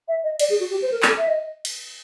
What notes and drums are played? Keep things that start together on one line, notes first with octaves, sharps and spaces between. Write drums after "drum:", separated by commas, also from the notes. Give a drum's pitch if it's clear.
E5
D#5
D5, drum: cymbal
G#4
F#4
G4
C5
A#4
A4, drum: clap
E5
D#5
drum: cymbal